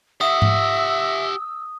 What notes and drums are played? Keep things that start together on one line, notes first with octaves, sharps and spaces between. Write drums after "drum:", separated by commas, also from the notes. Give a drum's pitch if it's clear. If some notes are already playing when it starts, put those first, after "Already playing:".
G4 E5 F#5 D#6 E6
drum: tom G#2